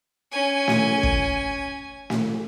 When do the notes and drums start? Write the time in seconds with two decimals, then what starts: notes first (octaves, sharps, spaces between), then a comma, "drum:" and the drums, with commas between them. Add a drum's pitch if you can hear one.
0.32 C#4 G#5
0.68 drum: snare
1.03 drum: kick
2.10 drum: snare